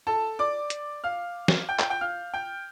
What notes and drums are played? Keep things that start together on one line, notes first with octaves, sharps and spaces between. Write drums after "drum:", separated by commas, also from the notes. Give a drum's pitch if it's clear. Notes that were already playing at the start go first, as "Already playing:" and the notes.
A4 A5
D5 D6
drum: hi-hat
F5 F6
drum: snare
G5 G6
G5 G6, drum: clap
G5 G6
F5 F6
G5 G6